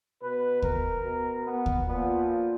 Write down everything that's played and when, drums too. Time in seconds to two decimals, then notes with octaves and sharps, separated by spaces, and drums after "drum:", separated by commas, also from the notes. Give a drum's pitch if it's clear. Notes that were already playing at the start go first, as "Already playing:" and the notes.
0.21 B2 B4
0.62 A#4, drum: kick D2
1.03 B2
1.45 B3
1.66 drum: kick D2
1.87 A#2 F3 B3